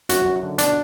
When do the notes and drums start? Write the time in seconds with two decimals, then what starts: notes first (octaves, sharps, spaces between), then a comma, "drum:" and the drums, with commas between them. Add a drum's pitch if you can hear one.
0.09 F#2 F#4, drum: hi-hat
0.25 F#2
0.43 D3
0.58 B2 D4, drum: hi-hat